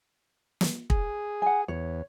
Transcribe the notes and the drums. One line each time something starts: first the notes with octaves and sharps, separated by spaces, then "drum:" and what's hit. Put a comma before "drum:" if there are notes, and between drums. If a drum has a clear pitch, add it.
drum: snare
G#4, drum: kick
F#5 G#5
E2 C#5